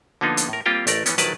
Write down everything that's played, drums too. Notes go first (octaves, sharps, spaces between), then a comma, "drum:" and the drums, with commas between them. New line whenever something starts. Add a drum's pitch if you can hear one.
D3 F3 A#3 B3 D#4 F4
drum: hi-hat
A2 A#4
G3 A#3 C4 F4 G4 G5
A1 A3 A#4 D5, drum: hi-hat
E3 A3 B3 C#4, drum: hi-hat
A#1 D#3 F#3 B4 D5 A5, drum: hi-hat